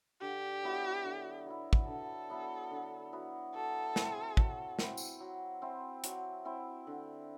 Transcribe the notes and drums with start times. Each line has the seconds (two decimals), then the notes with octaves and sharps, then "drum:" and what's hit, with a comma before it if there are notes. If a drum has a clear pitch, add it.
0.21 D3 G4
0.63 F#3 B3 E4
1.04 D3
1.46 F#3 B3 E4
1.73 drum: kick
1.88 D3 A4
2.29 F#3 B3 E4
2.71 D3
3.12 F#3 B3 E4
3.54 F#3 A4
3.96 C4 E4, drum: snare
4.37 F#3, drum: kick
4.79 C4 E4, drum: snare
4.97 drum: tambourine
5.21 F#3
5.62 C4 E4
6.04 F#3, drum: hi-hat
6.45 C4 E4
6.87 D3